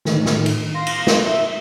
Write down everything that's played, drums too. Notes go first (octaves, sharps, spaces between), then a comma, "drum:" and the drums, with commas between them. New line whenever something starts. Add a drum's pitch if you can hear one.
A2 D3 D#3, drum: snare
drum: snare
drum: cymbal
F5 C6 A#6
drum: cymbal
drum: snare
E5